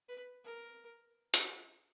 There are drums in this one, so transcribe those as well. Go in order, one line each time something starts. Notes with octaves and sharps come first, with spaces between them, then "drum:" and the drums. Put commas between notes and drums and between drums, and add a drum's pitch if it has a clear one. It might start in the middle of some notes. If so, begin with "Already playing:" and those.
B4
A#4
drum: hi-hat